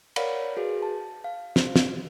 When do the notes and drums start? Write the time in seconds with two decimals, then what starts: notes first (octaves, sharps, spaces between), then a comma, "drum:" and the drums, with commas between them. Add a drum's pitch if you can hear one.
0.16 A#4 C#5 D5 F5 F#5 B5, drum: cymbal
0.57 F#4 G#4 B4
0.83 A5
1.24 F5
1.56 C5, drum: snare
1.76 drum: snare